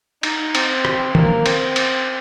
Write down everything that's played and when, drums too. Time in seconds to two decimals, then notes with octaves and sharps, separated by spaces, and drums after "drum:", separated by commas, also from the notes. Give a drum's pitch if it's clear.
0.23 D#4, drum: cymbal
0.55 C4, drum: cymbal
0.85 drum: rim click
1.15 A#3, drum: tom
1.46 C4, drum: cymbal
1.76 drum: cymbal